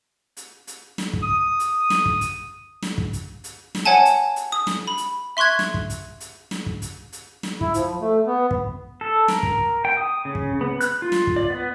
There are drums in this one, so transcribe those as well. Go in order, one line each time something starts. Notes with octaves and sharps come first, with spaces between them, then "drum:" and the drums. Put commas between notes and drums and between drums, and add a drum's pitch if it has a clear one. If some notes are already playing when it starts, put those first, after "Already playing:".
drum: hi-hat
drum: hi-hat
drum: snare
drum: kick
D#6
drum: hi-hat
drum: snare
drum: kick
drum: hi-hat
drum: snare
drum: kick
drum: hi-hat
drum: hi-hat
drum: snare
C#5 F#5 G#5 A5
drum: hi-hat
drum: hi-hat
D#6
drum: snare
B5
drum: hi-hat
E5 C6 C#6 F#6 G#6
drum: snare
drum: kick
drum: hi-hat
drum: hi-hat
drum: snare
drum: kick
drum: hi-hat
drum: hi-hat
drum: snare
E4, drum: kick
F3, drum: hi-hat
A3
B3
drum: kick
A4
A#4, drum: snare
drum: kick
G5
D#6
C#3
drum: kick
B3
F#6, drum: hi-hat
F4
drum: snare
drum: kick
D5
B3